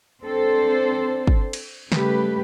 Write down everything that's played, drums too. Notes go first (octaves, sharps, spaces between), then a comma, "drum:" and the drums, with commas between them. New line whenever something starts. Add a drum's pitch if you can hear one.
C4 D4 A4 C5
drum: kick
drum: cymbal
C#3 G3 A3 G4 B4, drum: snare